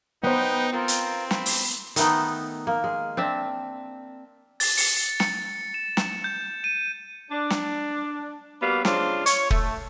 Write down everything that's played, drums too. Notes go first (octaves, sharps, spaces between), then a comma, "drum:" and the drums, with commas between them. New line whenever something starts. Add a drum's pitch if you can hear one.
B3 D#4 B4 C5 G5
C4 F4 A#4
drum: hi-hat
B5, drum: snare
drum: open hi-hat
D#3 A3 B3 D#4, drum: hi-hat
A#3
G#3
C4 D4 E5
A6, drum: open hi-hat
C#7, drum: open hi-hat
C#7, drum: snare
E7
drum: snare
G6
D#7
D4
drum: snare
G3 A#3 B3 F#4 F5
C#3 C4 D4 F4, drum: snare
C#5, drum: hi-hat
A3, drum: kick